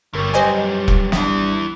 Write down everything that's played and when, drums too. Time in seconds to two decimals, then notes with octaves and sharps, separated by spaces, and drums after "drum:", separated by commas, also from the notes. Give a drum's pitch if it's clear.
0.14 G1 F#2 G3 A#4 C#6
0.34 G4 B4 C5 D#5 G#5
0.88 drum: kick E1
1.12 G#1 E3 G3 B3 D4, drum: snare